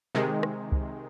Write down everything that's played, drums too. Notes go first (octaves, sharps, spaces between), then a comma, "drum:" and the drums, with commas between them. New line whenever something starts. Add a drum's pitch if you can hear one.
C3 D#3 G#3
drum: rim click
drum: kick